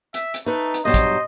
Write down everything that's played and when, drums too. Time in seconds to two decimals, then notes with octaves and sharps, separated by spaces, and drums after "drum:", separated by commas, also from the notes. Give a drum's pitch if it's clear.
0.14 E5, drum: hi-hat
0.34 drum: hi-hat
0.46 A3 D#4 B4
0.74 drum: hi-hat
0.85 G2 B2 F#3 C5 D#5
0.94 drum: kick, hi-hat